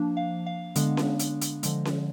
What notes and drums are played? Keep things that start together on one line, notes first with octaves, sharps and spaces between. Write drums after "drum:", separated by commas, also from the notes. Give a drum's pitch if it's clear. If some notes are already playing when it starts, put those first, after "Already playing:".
Already playing: F3 A#3 D4
F5
F5
D3 G#3 B3 D4, drum: hi-hat
drum: snare C#4
drum: hi-hat
drum: hi-hat
D3 F3 G#3, drum: hi-hat
drum: snare C#4